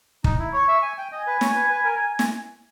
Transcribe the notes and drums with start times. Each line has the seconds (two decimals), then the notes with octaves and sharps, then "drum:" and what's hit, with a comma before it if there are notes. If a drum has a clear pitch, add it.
0.24 D#4, drum: kick
0.39 E4
0.53 C#5 C#6
0.68 E5
0.82 G#5
0.98 G5
1.12 D#5 G#5
1.27 B4
1.41 C#5, drum: snare
1.56 B4
1.70 B4
1.85 A#4
2.19 drum: snare